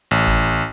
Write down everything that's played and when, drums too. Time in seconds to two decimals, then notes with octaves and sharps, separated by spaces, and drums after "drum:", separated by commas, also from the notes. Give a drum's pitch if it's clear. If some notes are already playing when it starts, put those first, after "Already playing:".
0.11 A1
0.27 drum: kick G1